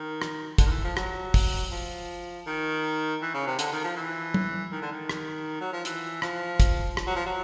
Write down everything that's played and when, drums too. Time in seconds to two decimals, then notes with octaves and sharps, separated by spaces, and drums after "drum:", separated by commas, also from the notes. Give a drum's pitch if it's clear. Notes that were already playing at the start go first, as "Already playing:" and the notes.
Already playing: D#3
0.22 drum: rim click
0.58 D3, drum: kick, hi-hat
0.66 D#3
0.71 E3
0.84 F3
0.97 F#3, drum: rim click
1.34 drum: kick, open hi-hat
1.71 F3
2.47 D#3
3.22 E3
3.34 C#3
3.47 C3
3.59 D3, drum: hi-hat
3.72 D#3
3.84 F3
3.96 E3
4.34 drum: tom
4.72 D#3
4.82 D3
4.91 D#3
5.09 drum: rim click
5.61 F#3
5.73 F3
5.85 E3, drum: hi-hat
6.22 F3, drum: rim click
6.60 drum: kick, hi-hat
6.97 drum: rim click
7.07 F#3
7.16 F3
7.26 F#3